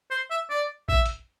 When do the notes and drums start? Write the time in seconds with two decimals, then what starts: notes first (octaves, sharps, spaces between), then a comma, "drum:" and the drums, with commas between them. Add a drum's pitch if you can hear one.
0.11 C5
0.30 E5
0.50 D5
0.89 E5, drum: kick A#1
1.06 drum: hi-hat